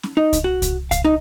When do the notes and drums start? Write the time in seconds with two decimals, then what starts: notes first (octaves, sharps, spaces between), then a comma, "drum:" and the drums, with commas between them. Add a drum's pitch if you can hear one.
0.03 drum: snare
0.17 D#4
0.33 drum: kick C2, hi-hat
0.44 F#4
0.62 drum: kick C2, hi-hat
0.91 F5, drum: kick C2, hi-hat
1.05 D#4